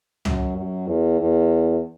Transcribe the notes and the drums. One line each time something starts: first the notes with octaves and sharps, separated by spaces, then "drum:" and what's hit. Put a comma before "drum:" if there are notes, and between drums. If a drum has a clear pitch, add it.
F#2, drum: tom
F#2
E2
E2